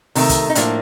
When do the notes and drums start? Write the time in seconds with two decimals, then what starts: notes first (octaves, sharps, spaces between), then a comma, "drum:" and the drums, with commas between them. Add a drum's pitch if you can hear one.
0.15 C3 D#3 A3, drum: open hi-hat
0.29 drum: kick, hi-hat
0.50 D#4
0.55 A2 F3 A#3 D4, drum: hi-hat